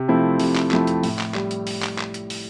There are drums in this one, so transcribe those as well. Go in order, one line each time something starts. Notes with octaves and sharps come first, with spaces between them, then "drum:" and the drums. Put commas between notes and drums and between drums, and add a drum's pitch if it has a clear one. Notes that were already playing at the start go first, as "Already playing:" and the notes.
Already playing: C3
F3 A3 C4 E4
C3, drum: open hi-hat
drum: clap
F3 A3 C4 E4, drum: clap
drum: hi-hat
A2, drum: open hi-hat
drum: clap
G3, drum: clap
drum: hi-hat
drum: open hi-hat
drum: clap
drum: clap
drum: hi-hat
drum: open hi-hat